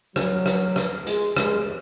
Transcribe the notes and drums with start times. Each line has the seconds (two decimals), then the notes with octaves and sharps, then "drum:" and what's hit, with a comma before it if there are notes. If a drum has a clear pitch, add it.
0.16 F#3, drum: rim click
0.46 drum: rim click
0.76 drum: rim click
1.07 G#3, drum: hi-hat
1.37 G#3, drum: rim click